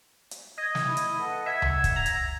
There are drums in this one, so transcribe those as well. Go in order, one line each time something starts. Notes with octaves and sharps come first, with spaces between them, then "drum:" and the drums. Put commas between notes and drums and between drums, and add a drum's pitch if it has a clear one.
drum: hi-hat
D#5 G#6
drum: snare
E4
drum: hi-hat
A4 B4 F#5
E5 F#5 G#6
drum: tom C#2
drum: kick, hi-hat
A#5
drum: hi-hat